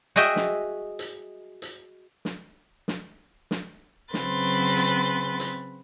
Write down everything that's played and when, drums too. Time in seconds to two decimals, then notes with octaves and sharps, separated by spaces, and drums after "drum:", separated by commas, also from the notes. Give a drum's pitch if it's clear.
0.16 F#4 G#4 D#5 E5 G5
0.36 drum: snare
0.99 drum: hi-hat
1.62 drum: hi-hat
2.25 drum: snare
2.88 drum: snare
3.51 drum: snare
4.14 C#3 F#3 C4 B4 C6 A6, drum: snare
4.77 drum: hi-hat
5.40 drum: hi-hat